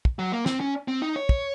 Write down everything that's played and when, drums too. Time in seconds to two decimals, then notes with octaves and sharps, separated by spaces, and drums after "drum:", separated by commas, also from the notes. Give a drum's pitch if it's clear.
0.05 drum: kick
0.19 F#3
0.32 A#3
0.46 C4, drum: snare
0.60 C#4
0.88 C4
1.02 D#4
1.16 C#5
1.29 drum: kick